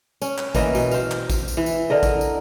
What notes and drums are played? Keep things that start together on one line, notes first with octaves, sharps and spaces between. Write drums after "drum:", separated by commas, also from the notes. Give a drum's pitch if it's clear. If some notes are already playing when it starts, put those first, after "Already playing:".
C#4, drum: tambourine
drum: clap
E3 A#3 D#5 E5, drum: kick, tambourine
B2, drum: tambourine
C5 F5, drum: tambourine
drum: clap
drum: kick, tambourine
drum: tambourine
E3
drum: tambourine
D3 A#4 D#5
drum: kick, tambourine
drum: tambourine